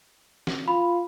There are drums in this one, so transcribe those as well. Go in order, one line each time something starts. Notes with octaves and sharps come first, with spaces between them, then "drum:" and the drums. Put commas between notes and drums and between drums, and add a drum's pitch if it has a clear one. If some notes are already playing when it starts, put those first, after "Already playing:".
drum: snare
F4 B5